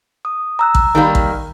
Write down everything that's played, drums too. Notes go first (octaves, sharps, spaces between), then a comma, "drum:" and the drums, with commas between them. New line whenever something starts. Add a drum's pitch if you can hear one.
D#6
A#5 E6 F#6
drum: kick A1
D#3 G3 A#3
drum: kick A1